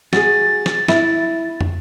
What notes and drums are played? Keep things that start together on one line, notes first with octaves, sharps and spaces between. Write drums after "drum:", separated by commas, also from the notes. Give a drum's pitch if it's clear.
F#4 G#4 A6, drum: snare
drum: snare
E4, drum: snare
drum: tom